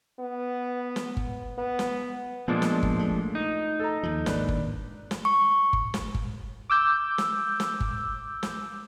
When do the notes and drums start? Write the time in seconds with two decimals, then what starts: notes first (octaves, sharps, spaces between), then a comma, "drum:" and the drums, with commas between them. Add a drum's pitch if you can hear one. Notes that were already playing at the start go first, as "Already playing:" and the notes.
0.20 B3
0.96 drum: snare
1.17 drum: kick G1
1.58 B3
1.79 drum: snare
2.48 A#2 F3 G#3 B3 D4
2.62 drum: snare
2.83 drum: kick G1
2.99 A3
3.35 D#4
3.80 A4 A#5
4.03 D#2 F3
4.26 G#1 A#3 D4 B4, drum: snare
4.49 drum: kick G1
5.11 drum: snare
5.25 C#6
5.73 drum: kick G1
5.94 drum: snare
6.14 drum: kick G1
6.70 D6 E6 G6
7.18 drum: snare
7.60 drum: snare
7.80 drum: kick G1
8.43 drum: snare